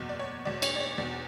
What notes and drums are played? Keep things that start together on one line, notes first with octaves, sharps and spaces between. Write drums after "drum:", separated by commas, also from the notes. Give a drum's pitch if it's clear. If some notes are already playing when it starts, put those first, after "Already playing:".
Already playing: F#1 E2 B2
D5
C#5
F#1 E2 B2 D5
C#5, drum: cymbal
D5
C#5
E2 B2 D5